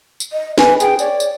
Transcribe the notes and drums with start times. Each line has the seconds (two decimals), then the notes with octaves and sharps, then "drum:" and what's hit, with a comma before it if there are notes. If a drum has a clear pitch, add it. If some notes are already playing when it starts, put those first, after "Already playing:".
0.20 drum: tambourine
0.33 D#5
0.58 B4 G#5, drum: snare
0.80 G#4 G5, drum: tambourine
0.99 C#5 D5, drum: tambourine
1.20 drum: tambourine